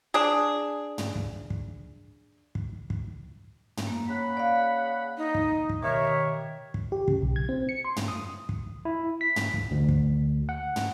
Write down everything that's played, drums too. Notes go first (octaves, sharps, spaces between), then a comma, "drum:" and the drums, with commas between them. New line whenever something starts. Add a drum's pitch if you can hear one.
D4 G#4
drum: tom
drum: kick
drum: kick
drum: kick
drum: kick
drum: tom
A#3
C#3 F#5 B5
D5 F5
D#4
drum: kick
drum: kick
B2 D#3 G4 A#4 C#5 E5
drum: kick
G4
C#3, drum: kick
B1
G#6
C4
C#7
C6
drum: tom
D#6
drum: kick
E4
B6
drum: tom
drum: kick
D2
drum: kick
F#5
drum: tom